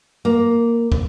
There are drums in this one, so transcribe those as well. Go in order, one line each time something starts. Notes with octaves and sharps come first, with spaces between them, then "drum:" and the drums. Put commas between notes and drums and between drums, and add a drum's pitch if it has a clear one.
A#3
drum: kick